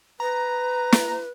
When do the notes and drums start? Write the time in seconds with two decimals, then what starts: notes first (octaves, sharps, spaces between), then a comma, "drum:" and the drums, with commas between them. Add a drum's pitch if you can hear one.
0.20 B4 A#5
0.92 drum: snare